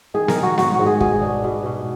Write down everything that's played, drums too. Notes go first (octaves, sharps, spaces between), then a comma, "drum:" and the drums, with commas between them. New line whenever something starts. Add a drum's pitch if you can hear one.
D#3 G#4
A#4, drum: snare B3
D#3
F#4
G#2 F#4, drum: snare B3
F#4
G#2
G#4
B2 G#4, drum: kick
D4
B2
B2